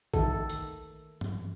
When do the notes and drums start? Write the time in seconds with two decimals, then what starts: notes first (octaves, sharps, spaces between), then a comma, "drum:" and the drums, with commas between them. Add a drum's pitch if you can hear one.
0.14 D#3 A4, drum: kick A1
0.49 drum: hi-hat
1.21 drum: tom G2